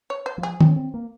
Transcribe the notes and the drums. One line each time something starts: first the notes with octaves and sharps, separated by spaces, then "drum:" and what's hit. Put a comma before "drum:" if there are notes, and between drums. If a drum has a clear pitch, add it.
C#5
C5
F3
G#4
C4, drum: tom
C#4
C4
A#3